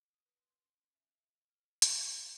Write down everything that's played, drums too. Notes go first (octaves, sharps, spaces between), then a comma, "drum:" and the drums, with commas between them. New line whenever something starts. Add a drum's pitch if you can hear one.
D#6
B4
C6
C#4
E5
F6
F6, drum: hi-hat
C6